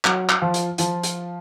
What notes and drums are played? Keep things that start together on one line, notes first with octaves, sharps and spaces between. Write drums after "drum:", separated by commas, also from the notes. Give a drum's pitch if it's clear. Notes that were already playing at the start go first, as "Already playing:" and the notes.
F#3 F#4, drum: clap
drum: clap
F3 F4
drum: hi-hat
F3 F4, drum: hi-hat
drum: hi-hat